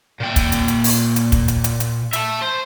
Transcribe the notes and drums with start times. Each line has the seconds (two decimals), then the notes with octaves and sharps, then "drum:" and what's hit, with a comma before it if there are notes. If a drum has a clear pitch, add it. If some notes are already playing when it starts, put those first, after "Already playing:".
0.20 A#2 G5
0.36 drum: kick, hi-hat
0.52 drum: hi-hat
0.68 drum: hi-hat
0.84 drum: open hi-hat
1.16 drum: hi-hat
1.32 drum: kick, hi-hat
1.48 drum: hi-hat
1.64 drum: hi-hat
1.80 drum: hi-hat
2.13 E5 A5, drum: hi-hat
2.42 C5